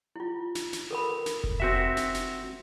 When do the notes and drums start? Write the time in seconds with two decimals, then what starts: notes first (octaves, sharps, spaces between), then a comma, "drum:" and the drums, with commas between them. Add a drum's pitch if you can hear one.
0.16 E4 F4
0.55 drum: snare
0.73 drum: snare
0.91 A4 A#4 B5
1.26 drum: snare
1.44 drum: kick F1
1.60 C4 F#4 E5
1.97 drum: snare
2.14 drum: snare